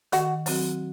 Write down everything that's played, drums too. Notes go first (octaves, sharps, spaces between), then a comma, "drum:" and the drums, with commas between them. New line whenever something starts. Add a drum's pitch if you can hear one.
D#3 F#4, drum: hi-hat
F#3 C4 F#4, drum: open hi-hat